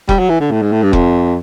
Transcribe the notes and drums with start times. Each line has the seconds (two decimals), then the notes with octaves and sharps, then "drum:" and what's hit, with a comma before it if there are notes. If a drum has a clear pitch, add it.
0.09 G3, drum: kick F1
0.19 F#3
0.30 E3
0.40 D3
0.51 A2
0.62 G#2
0.72 A2
0.83 G2
0.93 F2, drum: kick F1